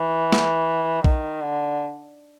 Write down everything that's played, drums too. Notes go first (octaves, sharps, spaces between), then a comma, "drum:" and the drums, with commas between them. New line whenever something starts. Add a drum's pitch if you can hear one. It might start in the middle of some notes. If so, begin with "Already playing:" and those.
Already playing: E3
drum: snare
D#3, drum: kick A#1
D3